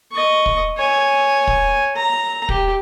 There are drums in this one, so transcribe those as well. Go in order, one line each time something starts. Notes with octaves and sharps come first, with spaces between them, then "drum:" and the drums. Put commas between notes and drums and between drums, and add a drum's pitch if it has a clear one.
D#5 C#6
drum: kick
C#5 G#5
drum: kick
A#5
G4, drum: kick